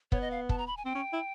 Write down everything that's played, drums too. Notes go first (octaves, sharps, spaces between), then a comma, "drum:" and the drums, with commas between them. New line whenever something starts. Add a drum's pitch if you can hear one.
B3 C#5, drum: kick
D#5
F5
A5, drum: kick
A#5
B5
G#5
C4 G5
C#4
E4